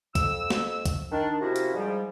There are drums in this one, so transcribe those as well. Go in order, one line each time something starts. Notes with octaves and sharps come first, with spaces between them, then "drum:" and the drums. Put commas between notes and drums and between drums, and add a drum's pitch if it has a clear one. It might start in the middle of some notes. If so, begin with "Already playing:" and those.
F2 E6, drum: kick, hi-hat
drum: snare
drum: kick, hi-hat
D#3 D4
C3 F3 A#3 C#4 E4 F#4
drum: hi-hat
G#2 F3 G3